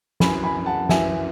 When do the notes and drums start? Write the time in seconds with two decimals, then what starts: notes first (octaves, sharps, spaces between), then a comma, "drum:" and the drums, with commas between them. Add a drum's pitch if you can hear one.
0.20 F#2 E3 G#5 B5, drum: snare
0.44 G#5 B5
0.66 F#5 A5
0.89 F#2 E3 E5 G#5, drum: snare